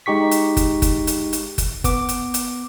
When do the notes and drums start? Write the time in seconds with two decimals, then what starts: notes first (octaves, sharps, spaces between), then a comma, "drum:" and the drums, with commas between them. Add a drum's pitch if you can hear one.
0.06 G#3 D#4 G4 C#6 B6
0.31 drum: hi-hat
0.57 drum: kick, hi-hat
0.82 drum: kick, hi-hat
1.07 drum: hi-hat
1.33 drum: hi-hat
1.58 drum: kick, hi-hat
1.84 B3 D6, drum: kick, hi-hat
2.09 drum: hi-hat
2.34 drum: hi-hat